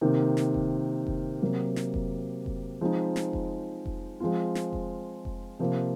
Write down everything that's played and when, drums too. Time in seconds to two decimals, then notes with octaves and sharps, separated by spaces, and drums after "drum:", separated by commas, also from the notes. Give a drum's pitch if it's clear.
0.01 C3 D#3 A#3
0.37 drum: snare
0.54 drum: kick F1
1.07 drum: kick F1
1.42 C3 F#3 A#3
1.76 drum: snare
1.94 drum: kick F1
2.46 drum: kick F1
2.81 F3 G#3 C4 D#4
3.16 drum: snare
3.33 drum: kick F1
3.86 drum: kick F1
4.20 F3 G#3 C4 F4
4.55 drum: snare
4.73 drum: kick F1
5.25 drum: kick F1
5.59 C3 F3 A#3